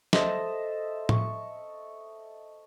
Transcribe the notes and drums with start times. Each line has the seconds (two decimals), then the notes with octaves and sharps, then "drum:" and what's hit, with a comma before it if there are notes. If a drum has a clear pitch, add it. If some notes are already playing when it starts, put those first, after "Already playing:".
0.13 A4 C5 D#5 E5, drum: snare
1.09 C#6, drum: tom A2